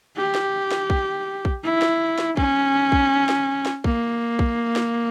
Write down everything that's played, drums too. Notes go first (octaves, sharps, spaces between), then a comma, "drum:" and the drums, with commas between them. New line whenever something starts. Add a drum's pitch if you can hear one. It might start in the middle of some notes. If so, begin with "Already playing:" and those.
G4
drum: snare
drum: snare
drum: kick
drum: kick
E4
drum: snare
drum: snare
C#4, drum: kick
drum: kick
drum: snare
drum: snare
A#3, drum: kick
drum: kick
drum: snare